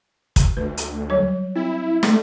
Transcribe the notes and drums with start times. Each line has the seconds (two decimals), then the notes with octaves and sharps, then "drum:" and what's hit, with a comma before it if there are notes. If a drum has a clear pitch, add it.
0.36 drum: kick, hi-hat
0.57 D2 B4
0.77 drum: hi-hat
1.10 F#3 G3 C#5
1.56 C4 E4
2.03 A3, drum: snare